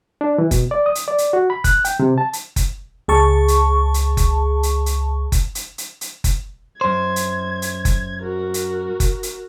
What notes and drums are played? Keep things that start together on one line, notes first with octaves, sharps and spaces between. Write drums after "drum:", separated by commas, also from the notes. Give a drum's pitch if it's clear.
D4
E3
B2, drum: kick F#1, hi-hat
D5
D#6
drum: hi-hat
D5
drum: hi-hat
F#4
B5
F#6, drum: kick F#1, hi-hat
G5, drum: hi-hat
C3
A5
drum: hi-hat
drum: kick F#1, hi-hat
C#2 G#4 A5 C#6
drum: hi-hat
drum: hi-hat
drum: kick F#1, hi-hat
drum: hi-hat
drum: hi-hat
drum: kick F#1, hi-hat
drum: hi-hat
drum: hi-hat
drum: hi-hat
drum: kick F#1, hi-hat
F#2 C5 G#6
drum: hi-hat
drum: hi-hat
drum: kick F#1, hi-hat
F#4 A#4
drum: hi-hat
drum: kick F#1, hi-hat
drum: hi-hat